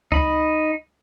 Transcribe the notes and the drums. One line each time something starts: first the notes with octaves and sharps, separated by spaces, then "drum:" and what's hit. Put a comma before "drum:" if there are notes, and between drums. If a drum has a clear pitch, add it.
D#4 B5, drum: kick C#2